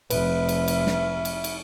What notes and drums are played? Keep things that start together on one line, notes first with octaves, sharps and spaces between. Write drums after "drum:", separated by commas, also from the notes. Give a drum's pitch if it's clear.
F1 B4 E5 B5 F6, drum: cymbal
drum: cymbal
drum: cymbal
drum: snare
drum: cymbal
drum: cymbal